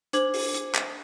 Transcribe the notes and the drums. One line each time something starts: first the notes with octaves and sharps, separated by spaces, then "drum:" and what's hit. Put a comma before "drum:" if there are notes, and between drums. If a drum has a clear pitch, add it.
D4 C5 D6 G#6 F#7, drum: hi-hat
drum: open hi-hat
drum: hi-hat
drum: clap